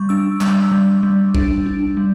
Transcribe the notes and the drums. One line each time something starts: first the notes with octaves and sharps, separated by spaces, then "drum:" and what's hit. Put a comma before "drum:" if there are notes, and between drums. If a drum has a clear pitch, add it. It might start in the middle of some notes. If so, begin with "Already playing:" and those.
Already playing: G3 C#6
D4 E6
G3 E6, drum: clap
G3
G3
D4, drum: kick
D4
G3